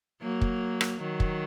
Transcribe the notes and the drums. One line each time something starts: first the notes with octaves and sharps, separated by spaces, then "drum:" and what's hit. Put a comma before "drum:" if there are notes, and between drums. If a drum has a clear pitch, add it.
F#3 A#3
drum: kick
drum: rim click
D#3 F#3
drum: kick